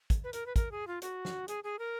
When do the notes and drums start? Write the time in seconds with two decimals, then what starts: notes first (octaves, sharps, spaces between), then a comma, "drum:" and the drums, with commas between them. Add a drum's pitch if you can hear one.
0.10 drum: kick, hi-hat
0.24 B4
0.33 A#4, drum: hi-hat
0.46 B4
0.56 A#4, drum: kick, hi-hat
0.71 G#4
0.87 F4
1.02 F#4, drum: hi-hat
1.25 drum: snare
1.48 G#4, drum: hi-hat
1.64 G#4
1.79 A#4